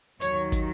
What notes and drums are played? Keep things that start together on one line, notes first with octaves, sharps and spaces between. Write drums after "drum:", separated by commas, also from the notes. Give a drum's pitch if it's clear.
D#2 D#3 F#3 C#5, drum: hi-hat
drum: kick, hi-hat